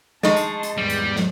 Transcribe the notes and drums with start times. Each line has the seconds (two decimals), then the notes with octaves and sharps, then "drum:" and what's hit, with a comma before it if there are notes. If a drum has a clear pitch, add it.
0.23 G#3 D#4 D#5 A5 C6 C#6, drum: snare
0.37 drum: hi-hat
0.63 drum: hi-hat
0.78 G#1 E2 G#2 G3
0.90 drum: hi-hat
1.16 drum: snare